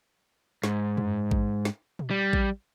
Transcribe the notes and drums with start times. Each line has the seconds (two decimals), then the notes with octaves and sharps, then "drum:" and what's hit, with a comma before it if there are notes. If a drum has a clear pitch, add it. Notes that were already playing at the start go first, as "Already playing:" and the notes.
0.63 G#2, drum: snare
0.97 drum: tom F#2
1.31 drum: kick A1
1.65 drum: snare
1.99 drum: tom A#2
2.10 G3
2.33 drum: kick A1